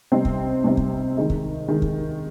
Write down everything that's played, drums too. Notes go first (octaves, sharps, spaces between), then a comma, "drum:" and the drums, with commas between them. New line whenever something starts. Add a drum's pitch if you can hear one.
C3 G3 C4 D#4
drum: kick
C3 G3 C4 D#4
drum: kick
D#3 G#3 D#4
drum: kick
D#3 G#3 D#4
drum: kick